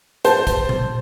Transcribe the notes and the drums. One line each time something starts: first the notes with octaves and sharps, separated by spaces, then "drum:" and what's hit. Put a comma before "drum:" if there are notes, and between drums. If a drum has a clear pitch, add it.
C5 A5, drum: hi-hat
drum: kick, hi-hat
drum: tom A#2